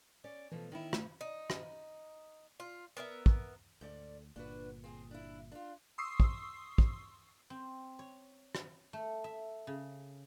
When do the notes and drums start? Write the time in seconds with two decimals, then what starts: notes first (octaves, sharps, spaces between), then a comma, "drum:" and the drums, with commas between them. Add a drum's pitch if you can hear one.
0.24 C#4 D5
0.52 B2 E3 F3 A3
0.72 D#3 C#4 E4
0.93 A3 F4, drum: rim click
1.21 D#4
1.50 drum: rim click
2.60 F4
2.97 B3 A#4 D5 E5
3.26 drum: kick
3.81 D2 G#2 A4 D5
4.36 G1 A#2 D4 F#4 B4
4.84 C4 G#4
5.11 D4 E4
5.52 D4 F4
5.98 C6 C#6 D#6 E6 C7
6.20 drum: kick
6.78 drum: kick
7.50 C4
7.99 C#5
8.55 drum: rim click
8.93 A3
9.24 E5
9.67 C#3